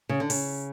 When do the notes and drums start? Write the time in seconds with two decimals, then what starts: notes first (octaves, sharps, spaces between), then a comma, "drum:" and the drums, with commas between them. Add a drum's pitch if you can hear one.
0.09 C#3
0.20 D3
0.30 C#3, drum: open hi-hat